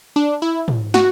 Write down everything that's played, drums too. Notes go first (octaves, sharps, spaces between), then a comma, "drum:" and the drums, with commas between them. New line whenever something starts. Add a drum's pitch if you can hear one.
D4
E4
drum: tom
F#4, drum: snare